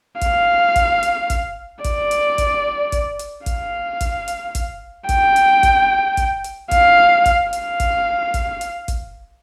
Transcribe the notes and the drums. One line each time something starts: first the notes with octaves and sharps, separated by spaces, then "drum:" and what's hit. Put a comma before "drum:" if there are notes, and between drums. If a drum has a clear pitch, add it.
F5, drum: kick, hi-hat
drum: kick, hi-hat
drum: hi-hat
drum: kick, hi-hat
D5, drum: kick, hi-hat
drum: hi-hat
drum: kick, hi-hat
drum: kick, hi-hat
drum: hi-hat
F5, drum: kick, hi-hat
drum: kick, hi-hat
drum: hi-hat
drum: kick, hi-hat
G5, drum: kick, hi-hat
drum: hi-hat
drum: kick, hi-hat
drum: kick, hi-hat
drum: hi-hat
F5, drum: kick, hi-hat
drum: kick, hi-hat
F5, drum: hi-hat
drum: kick, hi-hat
drum: kick, hi-hat
drum: hi-hat
drum: kick, hi-hat